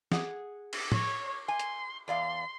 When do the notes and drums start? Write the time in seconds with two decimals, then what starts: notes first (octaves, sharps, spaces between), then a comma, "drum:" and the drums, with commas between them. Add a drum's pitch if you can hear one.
0.12 G#4 F#5, drum: snare
0.73 drum: cymbal
0.92 C#5, drum: tom
1.48 G#5 C6
1.59 drum: hi-hat
2.08 E2 D5 F5 C6